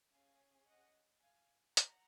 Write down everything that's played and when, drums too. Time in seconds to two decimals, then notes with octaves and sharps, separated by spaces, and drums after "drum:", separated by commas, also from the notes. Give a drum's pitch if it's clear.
0.12 C#4 G#4 F5 G#5
0.67 D#5 F#5
1.22 F5 G#5
1.77 F#5 A#5, drum: hi-hat